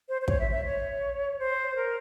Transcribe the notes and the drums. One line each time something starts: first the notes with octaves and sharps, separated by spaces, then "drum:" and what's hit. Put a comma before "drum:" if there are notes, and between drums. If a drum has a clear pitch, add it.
C5
C5
C#5, drum: kick
E5
E5
C#5
C5
A#4